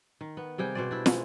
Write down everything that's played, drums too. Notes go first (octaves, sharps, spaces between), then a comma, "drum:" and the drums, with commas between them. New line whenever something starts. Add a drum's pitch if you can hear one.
D#3
B3
C3 G3 G#4 G5
B2 C5 D5
D4 E4
G#3, drum: snare